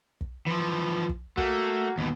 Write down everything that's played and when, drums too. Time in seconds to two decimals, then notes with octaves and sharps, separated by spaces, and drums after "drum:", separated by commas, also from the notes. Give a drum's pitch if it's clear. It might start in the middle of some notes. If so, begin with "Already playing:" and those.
0.21 drum: kick
0.47 E3 F3
1.09 drum: kick
1.37 A3 A#3 F#4, drum: kick
1.98 D#2 B2